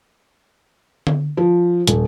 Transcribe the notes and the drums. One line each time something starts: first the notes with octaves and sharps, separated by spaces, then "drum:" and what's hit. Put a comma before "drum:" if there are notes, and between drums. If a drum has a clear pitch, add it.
drum: tom D3
F3
D#1, drum: hi-hat